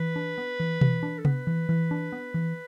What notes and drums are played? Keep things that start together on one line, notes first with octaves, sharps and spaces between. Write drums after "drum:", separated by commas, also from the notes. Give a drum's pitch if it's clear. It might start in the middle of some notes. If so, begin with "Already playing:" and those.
Already playing: E3 B4
D4
B3
E3
E3, drum: tom B2
D4
A4
B3 B4, drum: tom C3
E3
E3
D4
B3
E3